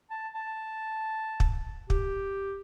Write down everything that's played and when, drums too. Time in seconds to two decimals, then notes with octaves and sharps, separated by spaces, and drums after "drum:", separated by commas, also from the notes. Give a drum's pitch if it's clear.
0.11 A5
0.34 A5
1.40 drum: kick
1.90 G4, drum: kick